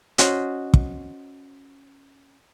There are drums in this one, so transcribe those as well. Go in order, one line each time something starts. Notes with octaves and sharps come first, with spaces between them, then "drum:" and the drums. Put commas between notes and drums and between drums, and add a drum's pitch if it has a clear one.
C#4 F#4 C5 D#5, drum: hi-hat
drum: kick